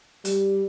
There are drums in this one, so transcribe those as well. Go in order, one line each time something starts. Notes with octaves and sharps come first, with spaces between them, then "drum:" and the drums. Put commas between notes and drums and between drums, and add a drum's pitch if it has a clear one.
G3, drum: hi-hat